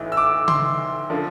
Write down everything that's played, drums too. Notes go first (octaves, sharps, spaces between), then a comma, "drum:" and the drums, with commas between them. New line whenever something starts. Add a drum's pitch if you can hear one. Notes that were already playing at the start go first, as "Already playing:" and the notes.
Already playing: B1 A2 E3
E6
D6
C6, drum: tom C#3
D3 F3